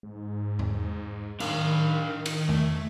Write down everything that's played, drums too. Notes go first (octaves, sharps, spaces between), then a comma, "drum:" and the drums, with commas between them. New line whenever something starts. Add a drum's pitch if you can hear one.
G#2
drum: tom E2
D#3 D4 F5, drum: cymbal
drum: cymbal
A3, drum: tom E2